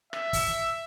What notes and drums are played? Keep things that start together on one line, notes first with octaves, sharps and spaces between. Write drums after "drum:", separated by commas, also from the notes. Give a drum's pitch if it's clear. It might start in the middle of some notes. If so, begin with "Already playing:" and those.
E5, drum: rim click
drum: kick, open hi-hat